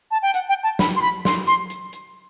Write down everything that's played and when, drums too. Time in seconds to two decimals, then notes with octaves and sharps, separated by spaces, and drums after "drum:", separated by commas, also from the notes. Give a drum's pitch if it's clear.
0.11 A5
0.22 G5
0.34 F#5, drum: hi-hat
0.49 G5
0.63 A5
0.79 B5, drum: snare
0.96 C6
1.02 B5
1.25 C6, drum: snare
1.47 C6, drum: hi-hat
1.70 drum: hi-hat
1.93 drum: hi-hat